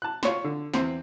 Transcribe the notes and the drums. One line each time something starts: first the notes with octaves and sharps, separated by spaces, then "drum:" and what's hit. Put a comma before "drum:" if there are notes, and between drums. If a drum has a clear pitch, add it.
A5 F#6
F4 C#5 C6, drum: snare
D3
E2 C4 C6, drum: snare